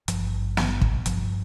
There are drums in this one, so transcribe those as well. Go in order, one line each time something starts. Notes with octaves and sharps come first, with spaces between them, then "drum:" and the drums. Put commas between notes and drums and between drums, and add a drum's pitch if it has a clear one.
G#1 G2 F3, drum: hi-hat
drum: snare
drum: kick
G1 G2 F3, drum: hi-hat